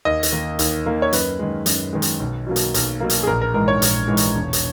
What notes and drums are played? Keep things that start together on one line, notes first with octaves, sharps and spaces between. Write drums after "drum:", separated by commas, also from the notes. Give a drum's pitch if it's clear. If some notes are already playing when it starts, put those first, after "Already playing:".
D#2 D#5
drum: hi-hat
D#3 A#3
D#2, drum: hi-hat
D#3 A#3
C#5
F#2 B4, drum: hi-hat
D#3 G#3
F#2, drum: hi-hat
D#3 G#3
drum: hi-hat
B1
B2 F#3 A#3
drum: hi-hat
B1, drum: hi-hat
B2 F#3 A#3
drum: hi-hat
G#4
A#1 A#4
A#4
G#2 E3 G#3 A#4
C#5
A#1, drum: hi-hat
G#2 E3 G#3
drum: hi-hat
E1
drum: hi-hat